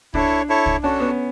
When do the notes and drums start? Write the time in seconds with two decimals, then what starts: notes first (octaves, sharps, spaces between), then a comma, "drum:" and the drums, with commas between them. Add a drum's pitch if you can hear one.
0.14 D4 E4 A4 C#5, drum: kick C2
0.49 E4 A4 C#5
0.66 drum: kick C2
0.83 C#4 D4 F#4 A4
1.00 B3